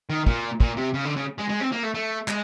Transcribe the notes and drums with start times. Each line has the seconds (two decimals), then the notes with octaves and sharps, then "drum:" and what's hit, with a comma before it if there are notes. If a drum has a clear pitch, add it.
0.10 D#3
0.26 A#2, drum: kick
0.60 A#2, drum: kick
0.77 C3
0.94 C#3
1.05 D3
1.17 C#3
1.39 G#3
1.50 G#3
1.61 C4
1.72 A#3
1.83 A3
1.94 A3
2.28 G#3, drum: clap